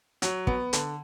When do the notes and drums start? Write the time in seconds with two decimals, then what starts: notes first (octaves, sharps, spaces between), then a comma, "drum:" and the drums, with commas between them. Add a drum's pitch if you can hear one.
0.22 F#3, drum: hi-hat
0.47 B3, drum: kick
0.73 D3, drum: hi-hat